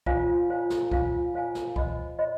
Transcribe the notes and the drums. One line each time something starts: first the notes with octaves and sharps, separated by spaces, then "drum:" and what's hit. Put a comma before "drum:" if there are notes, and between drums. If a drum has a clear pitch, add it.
F4 C5 F5 G#5, drum: kick
F4 C5 F5 G#5
drum: snare
F4 C5 F5 G#5, drum: kick
F4 C5 F5 G#5
drum: snare
C5 D#5 B5, drum: kick
C5 D#5 B5